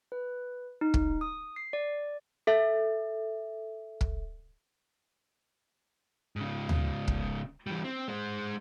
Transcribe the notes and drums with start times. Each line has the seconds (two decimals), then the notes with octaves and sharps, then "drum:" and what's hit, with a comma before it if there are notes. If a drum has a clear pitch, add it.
0.12 B4
0.81 D#4
0.94 drum: kick
1.21 D#6
1.56 C7
1.73 D5
2.47 A4 E5
4.01 drum: kick
6.36 G#2 C#3
6.69 drum: tom D2
7.08 drum: kick
7.67 E3 G3
7.84 C4
8.08 G#3 C5